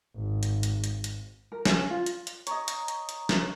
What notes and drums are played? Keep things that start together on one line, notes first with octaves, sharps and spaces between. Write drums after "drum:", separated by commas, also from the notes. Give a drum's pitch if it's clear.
G#1
drum: hi-hat
drum: hi-hat
drum: hi-hat
drum: hi-hat
A#4
C#4, drum: snare
F4
drum: hi-hat
drum: hi-hat
C#5 D#5 A#5, drum: hi-hat
drum: hi-hat
drum: hi-hat
drum: hi-hat
drum: snare